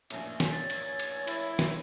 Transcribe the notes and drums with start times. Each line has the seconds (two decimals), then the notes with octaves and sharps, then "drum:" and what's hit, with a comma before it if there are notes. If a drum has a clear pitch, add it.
0.10 A#1 F#2 A2 E5, drum: cymbal
0.40 drum: snare
0.52 C#5 A6
0.70 drum: cymbal
0.99 drum: cymbal
1.27 E4, drum: cymbal
1.59 drum: snare